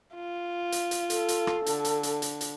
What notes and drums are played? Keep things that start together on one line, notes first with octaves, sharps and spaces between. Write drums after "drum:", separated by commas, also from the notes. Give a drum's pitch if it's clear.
F4
drum: hi-hat
drum: hi-hat
A4, drum: hi-hat
drum: hi-hat
drum: rim click
D3, drum: hi-hat
drum: hi-hat
drum: hi-hat
drum: hi-hat
drum: hi-hat